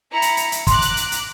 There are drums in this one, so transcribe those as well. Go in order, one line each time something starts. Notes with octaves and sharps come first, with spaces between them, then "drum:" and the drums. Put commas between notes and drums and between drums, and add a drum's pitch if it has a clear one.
E4 A#5 C#7
drum: hi-hat
drum: hi-hat
drum: hi-hat
A#5 C6 D6 F#6, drum: kick, hi-hat
drum: hi-hat
drum: hi-hat
drum: hi-hat